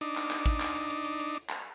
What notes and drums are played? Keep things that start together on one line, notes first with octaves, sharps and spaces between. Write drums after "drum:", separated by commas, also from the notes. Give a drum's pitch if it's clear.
D4 D#4, drum: hi-hat
drum: clap
drum: clap
drum: kick, hi-hat
drum: clap
drum: hi-hat
drum: hi-hat
drum: hi-hat
drum: hi-hat
drum: hi-hat
drum: clap